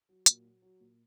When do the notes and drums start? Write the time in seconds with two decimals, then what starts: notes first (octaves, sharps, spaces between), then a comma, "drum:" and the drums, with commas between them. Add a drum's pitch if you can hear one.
0.09 F#3
0.26 A#2, drum: hi-hat
0.44 F#3
0.62 F#3
0.80 A#2